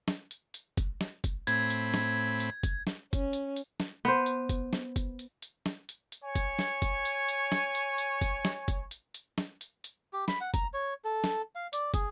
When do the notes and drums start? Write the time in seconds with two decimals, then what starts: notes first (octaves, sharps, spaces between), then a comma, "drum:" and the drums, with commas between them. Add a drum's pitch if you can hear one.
0.08 drum: snare
0.31 drum: hi-hat
0.54 drum: hi-hat
0.77 drum: kick, hi-hat
1.01 drum: snare
1.24 drum: kick, hi-hat
1.47 A2 C4 B5 G#6, drum: hi-hat
1.70 drum: hi-hat
1.94 drum: snare
2.40 drum: hi-hat
2.63 drum: kick, hi-hat
2.87 drum: snare
3.13 C#4, drum: kick, hi-hat
3.33 drum: hi-hat
3.56 drum: hi-hat
3.80 drum: snare
4.05 B3 C5
4.26 drum: hi-hat
4.49 drum: kick, hi-hat
4.73 drum: snare
4.96 drum: kick, hi-hat
5.19 drum: hi-hat
5.42 drum: hi-hat
5.66 drum: snare
5.89 drum: hi-hat
6.12 drum: hi-hat
6.23 C#5 G#5
6.35 drum: kick, hi-hat
6.59 drum: snare
6.82 drum: kick, hi-hat
7.05 drum: hi-hat
7.28 drum: hi-hat
7.52 drum: snare
7.75 drum: hi-hat
7.98 drum: hi-hat
8.21 drum: kick, hi-hat
8.45 drum: snare
8.68 drum: kick, hi-hat
8.91 drum: hi-hat
9.14 drum: hi-hat
9.38 drum: snare
9.61 drum: hi-hat
9.84 drum: hi-hat
10.13 G4
10.28 B5, drum: snare
10.41 F#5
10.54 A#5, drum: kick, hi-hat
10.74 C#5
11.04 A4
11.24 drum: snare
11.55 F5
11.73 D5, drum: hi-hat
11.94 G#4, drum: kick, hi-hat